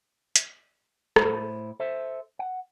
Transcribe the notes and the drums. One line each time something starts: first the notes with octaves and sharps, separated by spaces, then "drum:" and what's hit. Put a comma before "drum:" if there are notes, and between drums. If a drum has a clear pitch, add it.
drum: hi-hat
A2 C5 B5, drum: rim click
A4 C5 E5
F#5